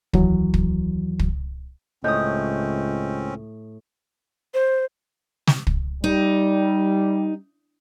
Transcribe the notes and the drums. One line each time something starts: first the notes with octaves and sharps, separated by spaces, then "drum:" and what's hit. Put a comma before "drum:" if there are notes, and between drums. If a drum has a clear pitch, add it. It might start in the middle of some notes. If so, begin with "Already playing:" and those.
D#2 E3 F#3, drum: kick
drum: kick
drum: kick
C#2 A2 C4 C#4 D#5 D#6 G6
C5
drum: snare
drum: kick
G3 D#4